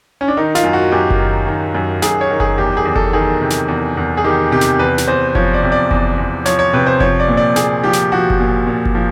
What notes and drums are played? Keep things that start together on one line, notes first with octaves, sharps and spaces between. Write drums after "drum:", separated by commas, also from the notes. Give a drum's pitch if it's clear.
C#4
D4
D#3 D#4
F4, drum: snare
F#2
F#4
F#2 G4
drum: kick F#1
D#3
D#3
F#2
F#2 G#4, drum: snare
C#5
D#3
G#4, drum: kick F#1
E2 G4
G#4
E2
A4, drum: kick F#1
D#3 G#4
C3
drum: snare
E2
E2
G#4
D#3 G4
C3 G4
drum: snare
E2 B4
drum: snare
E2 C5
F3 C#5, drum: kick F#1
D5
C3
D5
E2, drum: kick F#1
E2
F3 C#5, drum: snare
C#5
C3 B4
C5
F3 C#5, drum: kick F#1
D5
A#2
D5
A#2 G#4, drum: snare
F3 G4
drum: snare
F3 F#4
drum: kick F#1
A#2
A#2
drum: kick F#1
F3